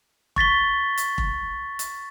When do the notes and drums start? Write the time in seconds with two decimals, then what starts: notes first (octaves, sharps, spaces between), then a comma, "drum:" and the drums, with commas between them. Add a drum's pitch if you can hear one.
0.36 C#6 A6 B6 G7, drum: kick F1
0.97 drum: hi-hat
1.18 drum: kick F1
1.79 drum: hi-hat